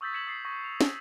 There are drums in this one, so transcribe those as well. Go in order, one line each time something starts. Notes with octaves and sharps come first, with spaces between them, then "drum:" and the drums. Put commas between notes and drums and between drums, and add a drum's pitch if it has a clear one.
C#6 D#6 E6 G6 A6 B6
G#6 B6 C#7 E7 F#7
D#6 A6 B6 C7
C#6 D#6 G#6 A#6
F7
A#6, drum: snare